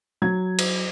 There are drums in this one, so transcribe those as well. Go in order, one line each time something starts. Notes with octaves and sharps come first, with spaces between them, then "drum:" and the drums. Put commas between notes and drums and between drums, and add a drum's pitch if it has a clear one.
F#3 G#6
drum: cymbal